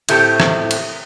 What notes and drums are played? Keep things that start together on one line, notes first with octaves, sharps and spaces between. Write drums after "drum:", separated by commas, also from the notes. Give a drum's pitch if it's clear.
A2 A3 C4 G4 A5, drum: cymbal
drum: rim click
drum: cymbal